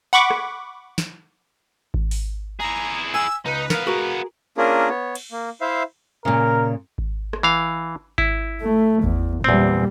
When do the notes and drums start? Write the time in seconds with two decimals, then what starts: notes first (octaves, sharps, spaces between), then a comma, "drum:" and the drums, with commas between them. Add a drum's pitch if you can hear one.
0.13 F#5 B5 C#6 D6
0.30 drum: rim click
0.98 drum: snare
1.94 drum: kick G#1
2.11 drum: open hi-hat
2.60 E4 G#4 A#5
3.14 G#5 E6
3.46 C#2 D#4 B4
3.70 B3 A#4 F5, drum: snare
3.87 F#4 G#4 A#4
4.57 A#3 C#4 D4 F4 G#4 A#4
4.89 B3 C#5
5.15 drum: cymbal
5.32 A#3
5.61 E4 C5 E5 F5
6.25 A#2 C#3 A#4
6.98 drum: kick G#1
7.33 drum: rim click
7.43 E3 F5
8.18 E4, drum: kick G#1
8.61 A3
9.04 E2, drum: kick G#1
9.44 E2 A#2 G3 C4